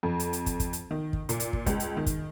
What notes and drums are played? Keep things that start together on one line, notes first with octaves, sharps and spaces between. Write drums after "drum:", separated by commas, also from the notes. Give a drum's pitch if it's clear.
F2
drum: hi-hat
drum: hi-hat
drum: kick, hi-hat
drum: kick, hi-hat
drum: hi-hat
D#3
drum: kick
A#2, drum: hi-hat
drum: hi-hat
drum: kick
C#2, drum: kick, hi-hat
drum: hi-hat
D#3
drum: kick, hi-hat